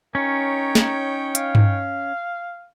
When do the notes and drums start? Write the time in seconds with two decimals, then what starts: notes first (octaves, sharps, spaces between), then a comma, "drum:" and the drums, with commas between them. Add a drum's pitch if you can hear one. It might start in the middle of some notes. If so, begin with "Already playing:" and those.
0.15 C#4 D#4 A#4 C#5 G5
0.75 drum: snare
1.35 F5, drum: hi-hat
1.55 drum: tom G2